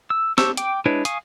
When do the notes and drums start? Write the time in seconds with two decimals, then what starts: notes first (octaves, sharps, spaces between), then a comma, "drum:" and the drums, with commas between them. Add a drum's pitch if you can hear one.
0.10 E6
0.38 G4 C5 A5 C#6 E6, drum: snare
0.57 G5 D6, drum: hi-hat
0.86 G#3 D4 E4 B4 C#5
1.05 F5 G#5 C#6 D#6, drum: hi-hat